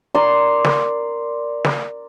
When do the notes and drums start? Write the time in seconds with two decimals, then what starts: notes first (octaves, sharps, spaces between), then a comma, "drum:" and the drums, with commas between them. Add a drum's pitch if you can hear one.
0.14 A#4 D5 C6
0.64 drum: snare
1.64 drum: snare